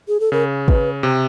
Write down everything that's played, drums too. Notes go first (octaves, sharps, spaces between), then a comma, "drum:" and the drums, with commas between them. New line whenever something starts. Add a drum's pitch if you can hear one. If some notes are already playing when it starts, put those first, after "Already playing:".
G#4
A4
C#3 A#4
B4, drum: kick
C3